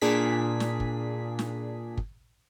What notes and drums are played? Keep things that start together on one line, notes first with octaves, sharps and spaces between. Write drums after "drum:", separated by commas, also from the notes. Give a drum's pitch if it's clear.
A#2 D4 G#4 B6
drum: snare
drum: kick
drum: snare
drum: kick